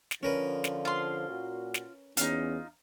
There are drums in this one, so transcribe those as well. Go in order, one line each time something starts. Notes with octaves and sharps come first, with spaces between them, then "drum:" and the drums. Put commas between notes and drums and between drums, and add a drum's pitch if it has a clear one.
drum: snare
D3 F3 C#4 A#4 B4
drum: snare
F4 C6
A#2 F#4
drum: snare
E2 C#4 D#4 F4, drum: hi-hat